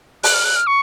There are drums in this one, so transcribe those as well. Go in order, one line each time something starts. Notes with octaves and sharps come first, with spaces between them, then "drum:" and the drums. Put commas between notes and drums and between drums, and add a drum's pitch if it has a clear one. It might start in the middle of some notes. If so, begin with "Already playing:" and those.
F#6, drum: open hi-hat
F6
F#6
F6
C#6